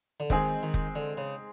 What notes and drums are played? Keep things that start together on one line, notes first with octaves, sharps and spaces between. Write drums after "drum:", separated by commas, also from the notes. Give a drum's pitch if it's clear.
D3
D#3 G#3 C4 D#4 G#4, drum: kick F1
D#3
drum: kick F1
D3
C#3